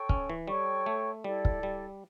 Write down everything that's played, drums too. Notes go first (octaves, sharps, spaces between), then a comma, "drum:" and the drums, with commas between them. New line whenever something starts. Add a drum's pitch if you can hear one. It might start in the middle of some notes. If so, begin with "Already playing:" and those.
Already playing: A4 C#5 G5 C#6
C#4, drum: kick
E3
G3 A4 C#5 G5 C#6
A3
G3 E4 A4 D5
drum: kick
G3